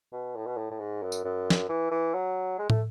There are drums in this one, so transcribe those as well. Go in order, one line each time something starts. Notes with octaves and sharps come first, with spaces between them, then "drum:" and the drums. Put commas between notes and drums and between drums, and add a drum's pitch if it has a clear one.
B2
A2
B2
A2
A2
G#2
F#2
drum: tambourine
F#2
drum: snare
E3
E3
F#3
G#3
A3, drum: tom